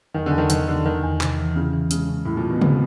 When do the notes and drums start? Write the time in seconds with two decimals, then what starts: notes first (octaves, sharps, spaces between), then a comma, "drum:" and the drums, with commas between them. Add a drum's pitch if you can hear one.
0.14 E2 D#3
0.26 D3
0.33 E2
0.38 D#3
0.50 C3 D#3, drum: hi-hat
0.68 D3 E3
0.85 E2 D#3
1.03 E2
1.21 C3, drum: clap
1.38 E3
1.56 C#3 E4
1.74 E3
1.91 C#3 G#3, drum: hi-hat
2.09 C#4
2.25 A2 E4
2.37 A#2
2.44 E3
2.50 B2
2.61 C3 G#3, drum: tom C#3